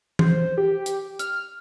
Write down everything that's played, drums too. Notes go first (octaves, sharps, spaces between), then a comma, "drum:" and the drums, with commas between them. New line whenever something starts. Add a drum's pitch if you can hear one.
C5, drum: tom E3
G4
drum: hi-hat
F6, drum: hi-hat